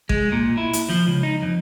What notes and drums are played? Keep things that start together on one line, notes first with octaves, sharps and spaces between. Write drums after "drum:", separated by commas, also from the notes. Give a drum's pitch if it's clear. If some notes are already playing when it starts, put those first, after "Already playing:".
G#3, drum: kick G#1
A#2
E4
drum: hi-hat
F3
C#2
D#4
F2